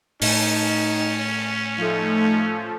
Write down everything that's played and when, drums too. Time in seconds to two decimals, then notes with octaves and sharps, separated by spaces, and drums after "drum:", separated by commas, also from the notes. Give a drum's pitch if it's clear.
0.22 A2 C#4 D#4, drum: open hi-hat
1.78 F3 A3 D#4